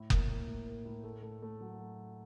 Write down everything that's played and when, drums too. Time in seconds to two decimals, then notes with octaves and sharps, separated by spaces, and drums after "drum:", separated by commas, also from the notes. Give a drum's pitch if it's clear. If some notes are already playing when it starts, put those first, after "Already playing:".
Already playing: A2
0.10 A#3, drum: kick F#1
0.29 A#3
0.47 A2
0.66 A#3
0.85 A2
1.04 A3
1.23 A3
1.42 A3
1.61 F#3